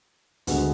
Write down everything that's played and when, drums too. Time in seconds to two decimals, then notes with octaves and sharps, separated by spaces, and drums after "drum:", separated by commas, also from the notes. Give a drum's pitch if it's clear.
0.47 D2 D3 G#3 B3 F#4, drum: hi-hat